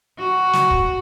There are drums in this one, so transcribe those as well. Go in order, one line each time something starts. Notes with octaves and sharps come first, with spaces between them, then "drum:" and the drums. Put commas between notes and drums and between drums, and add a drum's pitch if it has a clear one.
F#4
drum: snare
drum: kick